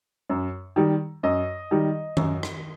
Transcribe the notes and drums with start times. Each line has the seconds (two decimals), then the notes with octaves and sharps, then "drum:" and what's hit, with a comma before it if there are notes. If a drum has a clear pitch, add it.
0.30 F#2
0.76 D#3 G3
1.23 F#2 D#5
1.71 D#3 G3
2.17 F#2, drum: tom D#3
2.43 drum: rim click